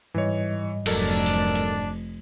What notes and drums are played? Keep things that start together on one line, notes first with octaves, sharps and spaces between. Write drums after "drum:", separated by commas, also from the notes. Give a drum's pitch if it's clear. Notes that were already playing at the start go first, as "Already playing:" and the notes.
G#2 E3 G3 C#5 D#5
F1 F#3 D4 A4 A#4, drum: cymbal
drum: open hi-hat
drum: hi-hat